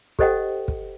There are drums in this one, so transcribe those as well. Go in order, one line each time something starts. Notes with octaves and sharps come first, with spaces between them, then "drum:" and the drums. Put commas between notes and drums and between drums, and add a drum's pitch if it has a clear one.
G4 A4 C5 D#5 F#5 G5, drum: kick
drum: kick